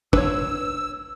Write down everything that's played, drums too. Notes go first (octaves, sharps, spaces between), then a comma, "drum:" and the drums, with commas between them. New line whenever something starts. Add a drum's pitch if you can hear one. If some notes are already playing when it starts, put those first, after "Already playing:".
D4 B4 C#5 E6, drum: kick